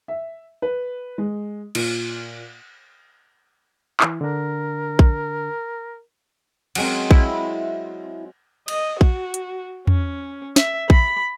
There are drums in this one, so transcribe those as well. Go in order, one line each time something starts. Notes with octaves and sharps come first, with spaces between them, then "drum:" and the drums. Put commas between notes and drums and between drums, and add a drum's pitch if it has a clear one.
E5
B4
G#3
A#2, drum: cymbal
E3 E4, drum: clap
D3 D4 A#4
drum: kick A#1
F#3 G#3 C4, drum: cymbal
E4, drum: kick A#1
D#5, drum: cymbal
F#4, drum: kick A#1
drum: hi-hat
C#4, drum: tom E2
E5, drum: snare
B5, drum: kick A#1